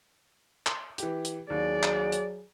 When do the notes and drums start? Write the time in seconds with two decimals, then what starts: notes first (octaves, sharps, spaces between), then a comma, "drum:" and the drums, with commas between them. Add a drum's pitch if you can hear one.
0.66 C6, drum: clap
0.98 E3 G4, drum: hi-hat
1.25 drum: hi-hat
1.50 D#2 F#3 G#4 D5
1.83 drum: clap
2.12 drum: hi-hat